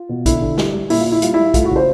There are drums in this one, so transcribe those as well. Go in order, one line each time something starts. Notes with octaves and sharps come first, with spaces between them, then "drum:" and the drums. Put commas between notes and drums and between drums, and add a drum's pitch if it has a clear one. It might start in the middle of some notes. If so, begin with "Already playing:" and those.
Already playing: F4
B2
D3 E4, drum: kick B1, hi-hat
D3
G3, drum: snare
G3
A#2 E4, drum: open hi-hat
F4
A#2
E4
G3 F4, drum: hi-hat
G3 E4
A3 F4, drum: kick B1, hi-hat
F#4
C#3
C5